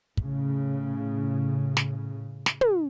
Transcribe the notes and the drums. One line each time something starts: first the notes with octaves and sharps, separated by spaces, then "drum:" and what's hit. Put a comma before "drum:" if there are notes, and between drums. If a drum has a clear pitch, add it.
A2 C#3, drum: kick
drum: snare
drum: snare
drum: tom